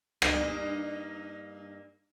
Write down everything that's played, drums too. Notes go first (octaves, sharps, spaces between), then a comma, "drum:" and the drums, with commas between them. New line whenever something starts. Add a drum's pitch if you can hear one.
G2 A#3 D#4, drum: rim click